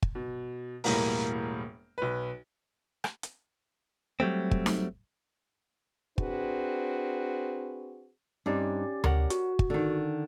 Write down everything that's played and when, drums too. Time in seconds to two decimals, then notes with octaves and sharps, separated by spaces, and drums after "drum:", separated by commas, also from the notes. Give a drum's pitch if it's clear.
0.02 drum: kick
0.15 B2
0.84 E1 A2 G3 A#3 A#4, drum: open hi-hat
1.98 B1 B4
3.04 drum: rim click
3.23 drum: hi-hat
4.20 F#3 G3 A3 C4
4.51 drum: kick
4.66 drum: snare D#4
6.18 C4 D4 F#4 G#4 B4, drum: kick
8.46 G2 C4 C#4 D#4 G4 D5
9.04 A#4 C#5 F#5, drum: tom D2
9.30 F#4, drum: hi-hat
9.59 drum: kick
9.70 D3 D#3